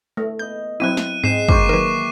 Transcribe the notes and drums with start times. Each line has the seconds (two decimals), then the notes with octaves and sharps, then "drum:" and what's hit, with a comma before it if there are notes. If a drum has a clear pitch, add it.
0.17 A3
0.39 B3 D#5 G6
0.80 F#3 C4 E4 F#6 D#7
0.97 drum: snare
1.24 G#2 G#3 C4 C7 E7
1.49 F#2 G#3 A#3 G4 C5 C#6 D6, drum: kick
1.69 D#3 E3 F#3 A#4 B4